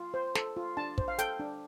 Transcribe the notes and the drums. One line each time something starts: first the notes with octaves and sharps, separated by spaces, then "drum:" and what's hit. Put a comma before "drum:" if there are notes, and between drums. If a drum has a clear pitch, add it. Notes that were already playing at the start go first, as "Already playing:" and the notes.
Already playing: F4
C5
A4, drum: snare
F4
D4 A5
C5, drum: kick
F5
A4 G5, drum: hi-hat
D4